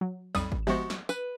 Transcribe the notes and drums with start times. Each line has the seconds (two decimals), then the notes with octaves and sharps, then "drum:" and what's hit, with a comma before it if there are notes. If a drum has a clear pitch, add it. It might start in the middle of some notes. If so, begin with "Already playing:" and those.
0.01 F#3
0.35 B1 F2 G3 B5 D#6, drum: tambourine
0.52 drum: kick G#1
0.67 F3 G#3 B3 F#4 G4 C5 E5
0.90 drum: snare
1.09 B4, drum: tambourine